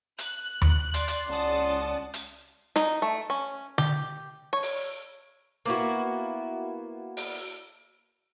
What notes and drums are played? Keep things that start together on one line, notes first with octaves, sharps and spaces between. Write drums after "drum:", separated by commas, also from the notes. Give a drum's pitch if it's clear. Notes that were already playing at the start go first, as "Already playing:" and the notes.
F#6, drum: hi-hat
drum: tom D#2
D5 C6, drum: hi-hat
drum: hi-hat
C#2 C#4 D5 F#5 A5 D#6 A6
drum: hi-hat
D#4, drum: snare
A3
C#4
G4, drum: tom D3
C#5
drum: open hi-hat
A#3 B3 E4 F#4
drum: open hi-hat